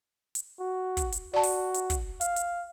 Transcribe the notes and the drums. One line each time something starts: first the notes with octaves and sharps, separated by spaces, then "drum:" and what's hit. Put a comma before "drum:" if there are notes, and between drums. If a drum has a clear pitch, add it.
drum: hi-hat
F#4
drum: kick, hi-hat
drum: hi-hat
F#4 D5 A5
drum: open hi-hat
drum: hi-hat
drum: kick, hi-hat
F5, drum: hi-hat
drum: hi-hat